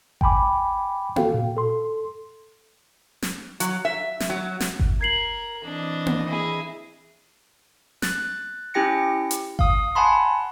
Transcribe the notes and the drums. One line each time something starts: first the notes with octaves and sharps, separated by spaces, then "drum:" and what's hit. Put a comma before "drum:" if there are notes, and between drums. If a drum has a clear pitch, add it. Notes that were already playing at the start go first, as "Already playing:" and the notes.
G5 G#5 B5 D6, drum: kick G1
F#4 A4 F5 G5, drum: tom A#3
A#2
A4 C6
drum: snare
F#3, drum: hi-hat
E5
drum: snare
F#3
drum: snare
drum: kick G1
A#4 G#6 C7 F#7
E3 C4 D4 D#5
drum: tom A#3
E4 G#4
F#6 A6, drum: snare
C#4 E4 G4 G5 A#6 C#7
drum: hi-hat
F5 D#6, drum: kick G1
F#5 G#5 A5 B5 C6